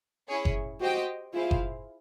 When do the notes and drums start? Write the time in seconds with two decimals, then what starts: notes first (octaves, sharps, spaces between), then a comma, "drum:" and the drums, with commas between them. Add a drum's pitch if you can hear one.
0.28 C#4 E4 G#4 C#5
0.45 drum: kick F#1
0.80 F#4 G4 C5 D#5 G5
1.33 E4 F4 G#4 C5 F5
1.51 drum: kick F#1